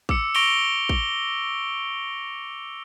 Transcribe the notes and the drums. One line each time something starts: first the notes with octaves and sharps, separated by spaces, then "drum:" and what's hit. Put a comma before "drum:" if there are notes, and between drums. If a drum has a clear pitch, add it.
D6 E6 C#7, drum: kick
C#6 A#6 C#7 D7 F7 G7, drum: open hi-hat
drum: kick